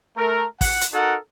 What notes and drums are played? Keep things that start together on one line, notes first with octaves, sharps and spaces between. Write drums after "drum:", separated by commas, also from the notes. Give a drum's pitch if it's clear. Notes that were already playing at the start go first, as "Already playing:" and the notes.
A3 A#4
F#5, drum: kick, open hi-hat
drum: hi-hat
D#4 F#4 A4 A#4 F#5